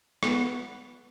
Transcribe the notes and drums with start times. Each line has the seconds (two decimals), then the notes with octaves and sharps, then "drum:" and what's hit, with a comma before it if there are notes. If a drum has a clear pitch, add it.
0.23 B3, drum: rim click